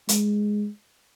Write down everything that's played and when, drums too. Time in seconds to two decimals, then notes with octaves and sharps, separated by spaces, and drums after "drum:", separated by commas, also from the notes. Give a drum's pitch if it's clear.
0.09 G#3, drum: hi-hat